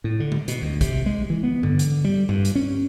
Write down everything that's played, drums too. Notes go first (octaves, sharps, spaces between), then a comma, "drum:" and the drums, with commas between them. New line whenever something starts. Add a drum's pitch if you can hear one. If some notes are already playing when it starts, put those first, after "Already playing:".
A2
D3
drum: tom G#3
B2, drum: hi-hat
D2
C3, drum: kick, hi-hat
G#3
E3
B3
D3, drum: tom G2
drum: hi-hat
G3
G2, drum: tom G2
drum: hi-hat
C#4